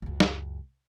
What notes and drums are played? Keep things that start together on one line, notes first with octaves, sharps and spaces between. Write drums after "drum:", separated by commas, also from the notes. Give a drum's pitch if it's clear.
C#2 F#2
drum: snare